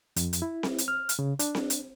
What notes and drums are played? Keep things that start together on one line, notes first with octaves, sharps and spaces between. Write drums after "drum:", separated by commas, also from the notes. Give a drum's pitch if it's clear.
F2, drum: hi-hat
drum: hi-hat
E4
drum: snare C4
drum: hi-hat
F6
drum: hi-hat
C#3
D4, drum: hi-hat
drum: snare C4
drum: hi-hat